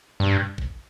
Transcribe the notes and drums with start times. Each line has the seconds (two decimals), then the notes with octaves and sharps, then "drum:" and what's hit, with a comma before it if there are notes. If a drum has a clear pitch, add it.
0.20 G2
0.58 drum: kick